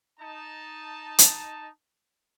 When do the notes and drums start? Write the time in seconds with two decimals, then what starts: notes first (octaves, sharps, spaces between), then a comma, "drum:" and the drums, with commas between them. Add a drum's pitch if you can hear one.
0.20 D#4 A5
1.19 drum: hi-hat